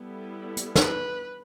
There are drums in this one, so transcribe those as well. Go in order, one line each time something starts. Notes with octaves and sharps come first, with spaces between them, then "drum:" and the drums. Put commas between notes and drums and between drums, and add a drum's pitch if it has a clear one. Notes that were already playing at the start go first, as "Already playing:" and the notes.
Already playing: G3 B3 E4 A4
drum: hi-hat
B4, drum: snare